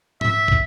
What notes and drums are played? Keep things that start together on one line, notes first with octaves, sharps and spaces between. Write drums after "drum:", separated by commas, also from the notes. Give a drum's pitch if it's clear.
E5, drum: tom G#2
drum: kick